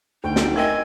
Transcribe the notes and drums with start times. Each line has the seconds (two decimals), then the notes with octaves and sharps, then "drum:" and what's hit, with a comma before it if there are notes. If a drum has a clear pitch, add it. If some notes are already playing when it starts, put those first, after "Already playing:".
0.24 D2 D#4 G5
0.36 drum: snare
0.56 A#4 D#5 E5 G5 G#5 C6 G#6